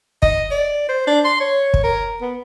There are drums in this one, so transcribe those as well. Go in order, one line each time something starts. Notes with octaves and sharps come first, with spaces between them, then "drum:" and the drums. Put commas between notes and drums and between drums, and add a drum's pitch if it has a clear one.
D#5, drum: kick
D5
C5
D4
C6
C#5
drum: kick
A#4
B3